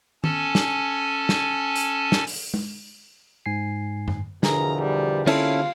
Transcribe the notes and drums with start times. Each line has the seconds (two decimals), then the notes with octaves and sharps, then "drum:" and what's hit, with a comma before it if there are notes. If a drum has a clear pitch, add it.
0.24 C#4 A4 G#5 A5, drum: tom D#3
0.55 drum: snare
1.29 drum: snare
1.76 drum: hi-hat
2.12 drum: snare
2.27 drum: open hi-hat
2.54 drum: tom G#3
3.46 G#2 G#5 C7
4.08 drum: tom F#2
4.43 E2 B2 D3 F3 G#4 A#4 A#5, drum: snare
4.82 G3
5.27 A#3 C4 C#4 E4 F4 A4 F5, drum: cymbal